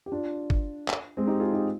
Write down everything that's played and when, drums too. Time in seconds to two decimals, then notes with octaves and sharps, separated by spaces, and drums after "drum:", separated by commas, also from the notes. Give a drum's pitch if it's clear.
0.06 G4
0.12 D4 F4
0.50 drum: kick
0.89 drum: clap
1.17 G#3 C4
1.27 D#4 G4
1.40 F4 G#4
1.53 D#4 G4